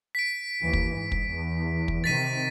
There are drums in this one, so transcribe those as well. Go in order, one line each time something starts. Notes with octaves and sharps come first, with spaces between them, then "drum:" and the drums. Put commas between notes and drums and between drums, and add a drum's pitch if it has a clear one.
B6 D7
D#2 E3
drum: kick
G#2
drum: kick
E2
drum: kick
C3 D#3 A6 B6 D#7